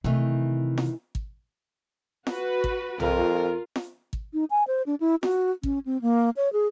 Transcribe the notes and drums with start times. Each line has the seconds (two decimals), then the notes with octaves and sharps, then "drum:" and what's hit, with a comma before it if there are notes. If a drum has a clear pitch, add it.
0.04 C3 D#3 E3 A3
0.78 drum: snare F4
1.15 drum: kick
2.27 F#4 B4, drum: snare F4
2.64 drum: kick
3.00 F2 F4 A#4, drum: tom B1
3.76 drum: snare F4
4.13 drum: kick
4.34 D#4
4.51 G#5
4.68 C5
4.86 D4
5.00 E4
5.23 F#4, drum: snare F4
5.63 C#4, drum: kick
5.86 C4
6.02 A#3
6.37 C#5
6.53 G#4